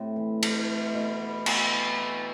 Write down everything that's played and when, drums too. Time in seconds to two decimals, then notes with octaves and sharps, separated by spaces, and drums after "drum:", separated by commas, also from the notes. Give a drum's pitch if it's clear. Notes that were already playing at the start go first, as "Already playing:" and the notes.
Already playing: A2 C4
0.16 E3
0.43 A3, drum: cymbal
0.68 A3
0.94 B2
1.21 B3
1.46 B3, drum: cymbal
1.72 E4
1.98 E4